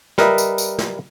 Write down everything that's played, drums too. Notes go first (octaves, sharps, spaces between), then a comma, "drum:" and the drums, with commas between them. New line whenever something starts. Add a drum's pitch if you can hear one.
G3 A#4 B4 D#5 E5, drum: snare
drum: tambourine
drum: tambourine
drum: snare